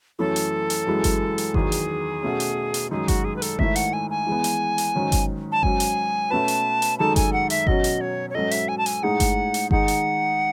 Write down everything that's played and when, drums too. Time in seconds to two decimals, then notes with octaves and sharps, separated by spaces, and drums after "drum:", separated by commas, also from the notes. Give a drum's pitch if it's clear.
0.19 F#2 E3 A3 C#4 A4
0.36 drum: hi-hat
0.70 drum: hi-hat
0.87 F#2 E3 G#3
1.04 drum: kick G1, hi-hat
1.38 drum: hi-hat
1.54 E2 D#3 F#3 G#4, drum: kick G1
1.72 drum: hi-hat
2.23 B2 A3 C#4
2.40 drum: hi-hat
2.74 drum: hi-hat
2.91 F#2 D#3 G#3 D#4 G#4
3.08 F#4, drum: kick G1, hi-hat
3.24 G#4
3.36 B4
3.42 A4, drum: hi-hat
3.59 G#2 D#3 A3 E4 E5, drum: kick G1
3.76 F#5, drum: hi-hat
3.93 G#5
4.10 G#5
4.27 E3 G#3 B3
4.44 drum: hi-hat
4.78 drum: hi-hat
4.95 G#2 D#3 F#3 C#4
5.12 drum: kick G1, hi-hat
5.52 A5
5.63 G#2 F#3 C#4 G#5, drum: kick G1
5.80 drum: hi-hat
6.30 B2 A3 C#4 F#4 B4 A5
6.48 drum: hi-hat
6.82 drum: hi-hat
6.99 F#2 D#3 G#3 D#4 A4 A5
7.16 G#5, drum: kick G1, hi-hat
7.33 F#5
7.50 E5, drum: hi-hat
7.67 B2 F#3 C#4 D#5, drum: kick G1
7.84 drum: hi-hat
8.01 C#5
8.30 C#5
8.35 G#2 F#3 C#4 F#4 A4 D#5
8.51 E5, drum: hi-hat
8.68 G#5
8.78 A5
8.86 G#5, drum: hi-hat
9.03 A2 G#3 D#4 G#4 F#5
9.20 drum: kick G1, hi-hat
9.54 drum: hi-hat
9.71 D#3 G#3 D#4 G#4 F#5, drum: kick G1
9.88 drum: hi-hat